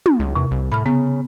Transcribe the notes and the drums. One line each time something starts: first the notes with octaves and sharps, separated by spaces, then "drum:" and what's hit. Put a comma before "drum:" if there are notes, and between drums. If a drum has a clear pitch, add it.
drum: tom
C#2
E2 C3
C2
A2 B5 F6
C#3 B3